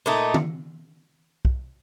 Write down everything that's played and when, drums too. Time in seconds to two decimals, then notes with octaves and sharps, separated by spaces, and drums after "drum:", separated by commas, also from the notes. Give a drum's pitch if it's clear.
0.06 A#2 A3 D#4
0.34 drum: tom
1.45 drum: kick B1